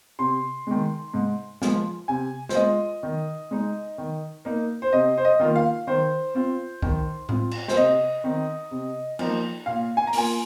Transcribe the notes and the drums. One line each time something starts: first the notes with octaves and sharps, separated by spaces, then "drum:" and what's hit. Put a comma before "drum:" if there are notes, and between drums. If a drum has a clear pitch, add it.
C3 C6
D#3 G#3
G#2
F3 G#3 F4, drum: snare
C3 G#5
C5, drum: snare
G#3 F4 D#5
D#3
G#3 D#4
D#3
A#3 D#4
C5
C3 D#5
C5
D#5
D#3 A#3 F4
F5
D#3 C5
C4 F4
D#3, drum: kick
C4 F4, drum: tom A2
drum: cymbal
C5, drum: snare
C3 D#5
D#3 C4 D#4
C3
F3 A#3 D#4, drum: cymbal
A#2 F5
G#5
A#5
A#3 F4 G#5, drum: open hi-hat